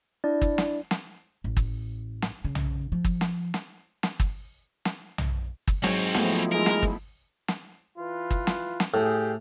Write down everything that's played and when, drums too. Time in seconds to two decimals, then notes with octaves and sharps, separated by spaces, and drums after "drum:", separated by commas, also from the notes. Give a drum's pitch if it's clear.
0.24 D4 E4 D5
0.41 drum: kick G1
0.58 drum: snare
0.91 drum: snare
1.44 A1
1.57 drum: kick G1
2.22 drum: snare
2.44 C#3
2.55 drum: tom B1
2.92 F3
3.05 drum: kick G1
3.21 drum: snare
3.54 drum: snare
4.03 drum: snare
4.20 drum: kick G1
4.85 drum: snare
5.18 drum: tom B1
5.68 drum: kick G1
5.84 G#2 F#3 C4 C#5, drum: snare
6.14 F3 A3 B3 D#4 E4 F#4, drum: snare
6.52 G#3 A#4
6.66 drum: snare
6.83 drum: kick G1
7.48 drum: snare
7.98 E3 F4 B4
8.31 drum: kick G1
8.47 drum: snare
8.80 drum: snare
8.94 A2 G4 G#4